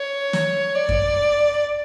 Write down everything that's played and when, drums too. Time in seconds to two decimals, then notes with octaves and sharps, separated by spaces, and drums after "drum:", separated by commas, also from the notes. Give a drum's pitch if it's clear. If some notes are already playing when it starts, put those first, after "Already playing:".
Already playing: C#5
0.33 drum: snare
0.75 D5
0.89 drum: kick F#2